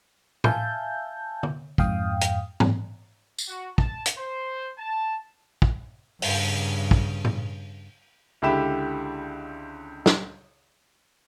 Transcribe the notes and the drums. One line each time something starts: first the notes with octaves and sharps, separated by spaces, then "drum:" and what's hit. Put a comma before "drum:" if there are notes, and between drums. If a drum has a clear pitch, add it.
E5 F5 G#5 A5 G6, drum: tom A2
drum: tom
F2 G#2 F5 G5 D#6, drum: kick
drum: hi-hat
drum: tom G#2
drum: tambourine
F#4
A5, drum: kick
drum: hi-hat
C5
A5
drum: kick
G2 C#3, drum: open hi-hat
drum: kick
drum: tom A2
C#2 D3 E4 G4 B5 E7
drum: snare